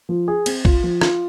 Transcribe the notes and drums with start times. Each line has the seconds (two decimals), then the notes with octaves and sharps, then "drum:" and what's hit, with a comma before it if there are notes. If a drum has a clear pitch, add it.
0.09 F3
0.28 G#4
0.46 C4, drum: cymbal
0.65 F4, drum: kick
0.83 F3
1.01 F4, drum: rim click